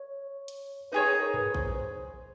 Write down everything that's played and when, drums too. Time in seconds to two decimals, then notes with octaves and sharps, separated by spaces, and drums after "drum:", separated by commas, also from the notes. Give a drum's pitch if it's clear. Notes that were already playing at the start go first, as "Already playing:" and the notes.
Already playing: C#5
0.48 drum: hi-hat
0.92 D#4 G#4 B4 C#5
1.13 A#4
1.34 B4, drum: tom G2
1.54 C5, drum: kick A#1
1.75 C5